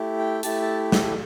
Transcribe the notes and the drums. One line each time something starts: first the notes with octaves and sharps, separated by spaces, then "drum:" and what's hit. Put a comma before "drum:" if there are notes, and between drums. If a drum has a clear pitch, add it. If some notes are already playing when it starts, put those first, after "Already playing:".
Already playing: A3 E4 G4
G5
A3 E4 G4 A5, drum: hi-hat
A5
drum: snare